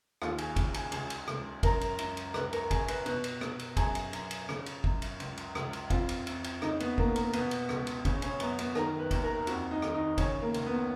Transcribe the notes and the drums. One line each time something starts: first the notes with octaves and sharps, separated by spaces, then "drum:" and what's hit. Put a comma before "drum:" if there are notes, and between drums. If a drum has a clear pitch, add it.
D#2 F4, drum: rim click
G#4, drum: cymbal
C#3, drum: kick, cymbal
G#4, drum: cymbal
C#2 G#4, drum: cymbal
drum: cymbal
C#2, drum: rim click
F#2 A#4, drum: kick, cymbal
drum: cymbal
F#2, drum: cymbal
drum: cymbal
C#2 B4, drum: rim click
A#4, drum: cymbal
C#3 G#4, drum: kick, cymbal
B4, drum: cymbal
B2 B4, drum: cymbal
drum: cymbal
B2, drum: rim click
drum: cymbal
F#2 G#4, drum: kick, cymbal
drum: cymbal
F#2, drum: cymbal
drum: cymbal
C#3, drum: rim click
drum: cymbal
F#2, drum: kick
drum: cymbal
C#2, drum: cymbal
drum: cymbal
C#2, drum: rim click
drum: cymbal
F2 F4, drum: kick, cymbal
drum: cymbal
F2, drum: cymbal
drum: cymbal
C#3 D#4, drum: rim click
B3, drum: cymbal
C#3 A#3, drum: kick
A#3, drum: cymbal
B2 B3, drum: cymbal
drum: cymbal
C#2, drum: rim click
drum: cymbal
C#3 C#4, drum: kick, cymbal
C#4, drum: cymbal
F#2 B3, drum: cymbal
B3, drum: cymbal
D#3 A#4, drum: rim click
B4
D#2, drum: kick, cymbal
A#4
F2 F#4, drum: cymbal
D#4
D#3, drum: rim click
D#4
C#3 C#4, drum: kick, cymbal
A#3
C#2, drum: cymbal
B3